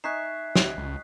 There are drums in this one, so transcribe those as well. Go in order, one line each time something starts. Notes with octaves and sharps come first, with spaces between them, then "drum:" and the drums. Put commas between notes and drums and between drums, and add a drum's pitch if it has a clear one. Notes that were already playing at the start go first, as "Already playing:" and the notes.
D#4 E5 G#5 C#6 F#6 B6 C7
drum: snare
C#2